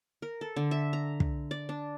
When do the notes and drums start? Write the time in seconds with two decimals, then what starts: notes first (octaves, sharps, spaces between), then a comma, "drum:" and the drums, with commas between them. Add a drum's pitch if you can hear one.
0.22 A#4
0.41 A4
0.56 D3
0.71 E5
0.93 A#5
1.20 drum: kick
1.51 D5
1.69 D4